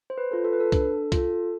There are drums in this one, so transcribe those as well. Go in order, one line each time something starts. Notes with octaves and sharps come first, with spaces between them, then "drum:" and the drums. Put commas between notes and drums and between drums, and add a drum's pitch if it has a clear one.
C5
B4
F4 A4
A4
B4
A4
D4, drum: kick C2, hi-hat
F4, drum: kick C2, hi-hat
A4